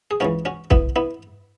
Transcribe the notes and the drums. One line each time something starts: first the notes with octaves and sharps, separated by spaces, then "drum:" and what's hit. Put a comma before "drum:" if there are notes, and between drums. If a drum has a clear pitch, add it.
G#4
C#2 C#3 E3 C#4 F#4
C#4 F#4
B3 E4, drum: kick
B3 E4